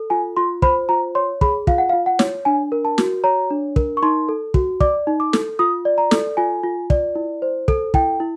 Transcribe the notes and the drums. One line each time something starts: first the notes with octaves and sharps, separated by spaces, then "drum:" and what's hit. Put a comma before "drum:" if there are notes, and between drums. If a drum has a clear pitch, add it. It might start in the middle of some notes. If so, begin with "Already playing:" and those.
Already playing: A4
F4 G#5
F4 C6
C5 B5, drum: kick
F4 A#5
C#5 C6
G#4 B5, drum: kick
F4 F5, drum: kick
F#5
F5
F4
F#5
C#5, drum: snare
D4 G#5
A#4
A5
F#4, drum: snare
C#5 A#5
D4
A#4, drum: kick
C#6
D#4 C6
A4
F#4, drum: kick
D5 D6, drum: kick
D#4
D6
A4, drum: snare
F4 D#6
D5
A#5
A4, drum: snare
F4 G#5
F4
D5, drum: kick
E4
C5
A4, drum: kick
E4 G5, drum: kick
E4